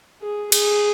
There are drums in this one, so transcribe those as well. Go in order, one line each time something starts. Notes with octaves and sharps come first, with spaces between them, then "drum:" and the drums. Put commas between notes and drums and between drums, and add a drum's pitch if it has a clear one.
G#4
G#4, drum: cymbal